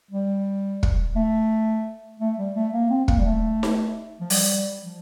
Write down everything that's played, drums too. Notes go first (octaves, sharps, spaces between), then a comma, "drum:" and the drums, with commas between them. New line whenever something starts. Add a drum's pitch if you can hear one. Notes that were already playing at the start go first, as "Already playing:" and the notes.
G3
drum: kick
A3
A3
G3
A3
A#3
C4
A#3, drum: kick
G3
A3
drum: snare D#4
F3
G3, drum: open hi-hat
F3